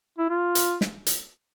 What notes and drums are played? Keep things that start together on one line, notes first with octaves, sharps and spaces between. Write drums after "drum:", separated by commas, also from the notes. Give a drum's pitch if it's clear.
E4
F4
drum: hi-hat
drum: snare
drum: hi-hat